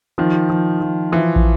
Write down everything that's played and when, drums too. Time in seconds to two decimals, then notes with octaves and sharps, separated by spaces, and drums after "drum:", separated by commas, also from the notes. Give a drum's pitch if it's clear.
0.18 D#3 F3
0.50 F3
0.81 F3
1.12 E3 F3
1.36 drum: kick